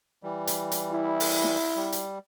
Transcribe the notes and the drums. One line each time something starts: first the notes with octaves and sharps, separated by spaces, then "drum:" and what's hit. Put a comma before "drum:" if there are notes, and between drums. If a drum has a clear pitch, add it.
E3 G3
drum: hi-hat
drum: hi-hat
E4
drum: open hi-hat
drum: snare
G3
drum: hi-hat